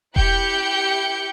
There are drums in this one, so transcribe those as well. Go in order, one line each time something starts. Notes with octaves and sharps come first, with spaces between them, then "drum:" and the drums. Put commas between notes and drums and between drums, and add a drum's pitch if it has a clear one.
E4 G4 G5 F#6 G6 C#7, drum: kick E1